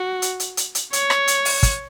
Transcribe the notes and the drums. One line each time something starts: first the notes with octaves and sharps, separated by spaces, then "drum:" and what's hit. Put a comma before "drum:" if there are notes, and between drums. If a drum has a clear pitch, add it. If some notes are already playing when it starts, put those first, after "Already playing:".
Already playing: F#4
drum: hi-hat
drum: hi-hat
drum: hi-hat
drum: hi-hat
C#5, drum: hi-hat
drum: rim click
drum: hi-hat
drum: open hi-hat
drum: kick, hi-hat